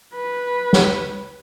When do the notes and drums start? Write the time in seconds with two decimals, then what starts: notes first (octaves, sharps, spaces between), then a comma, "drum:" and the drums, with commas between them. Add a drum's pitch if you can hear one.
0.15 B4
0.73 drum: snare